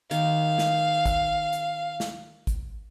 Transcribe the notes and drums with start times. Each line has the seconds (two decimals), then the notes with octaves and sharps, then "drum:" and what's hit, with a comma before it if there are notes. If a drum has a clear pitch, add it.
0.11 D#3 F5, drum: hi-hat
0.58 drum: snare
1.05 drum: kick G#1, hi-hat
1.53 drum: hi-hat
2.00 drum: snare
2.47 drum: kick G#1, hi-hat